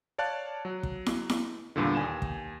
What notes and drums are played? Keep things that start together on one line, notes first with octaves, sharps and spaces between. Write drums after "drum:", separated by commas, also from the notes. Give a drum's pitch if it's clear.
C#5 D5 F5 A5 F#6
F#3
drum: kick
drum: snare E4
drum: snare E4
E2 G2 A#2 D3
D#2 G#5 E7
drum: kick